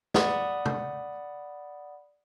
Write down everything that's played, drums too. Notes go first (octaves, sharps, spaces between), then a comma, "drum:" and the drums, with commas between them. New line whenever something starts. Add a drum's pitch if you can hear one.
D5 F#5 B5 D#6, drum: snare
drum: tom